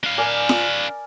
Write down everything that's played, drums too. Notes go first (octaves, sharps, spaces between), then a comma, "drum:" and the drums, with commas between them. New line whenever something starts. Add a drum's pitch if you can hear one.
D4 F5
A#4 D5 G#5
drum: snare F4